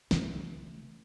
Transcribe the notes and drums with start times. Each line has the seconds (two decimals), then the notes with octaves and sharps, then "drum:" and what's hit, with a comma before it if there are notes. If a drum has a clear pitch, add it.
0.11 C#3 A3, drum: snare